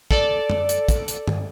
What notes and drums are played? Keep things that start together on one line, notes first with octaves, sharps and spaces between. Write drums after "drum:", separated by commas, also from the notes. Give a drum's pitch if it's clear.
A4 D5, drum: kick
drum: tom F#2
drum: hi-hat
drum: kick, hi-hat
drum: hi-hat
drum: tom G2